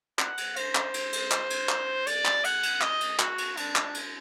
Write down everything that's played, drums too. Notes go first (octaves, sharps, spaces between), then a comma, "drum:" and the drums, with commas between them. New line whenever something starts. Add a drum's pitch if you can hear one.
F#5, drum: clap
drum: cymbal
C5, drum: cymbal
drum: clap
drum: cymbal
drum: cymbal
drum: clap
drum: cymbal
drum: clap
D5, drum: cymbal
drum: clap
F#5, drum: cymbal
drum: cymbal
D#5, drum: clap
drum: cymbal
F#4, drum: clap
drum: cymbal
D4, drum: cymbal
drum: clap
drum: cymbal